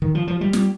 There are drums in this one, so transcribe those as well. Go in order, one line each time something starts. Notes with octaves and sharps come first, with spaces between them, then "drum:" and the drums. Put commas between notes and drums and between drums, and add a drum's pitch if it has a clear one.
D#3
F3
F3
G3
G3, drum: snare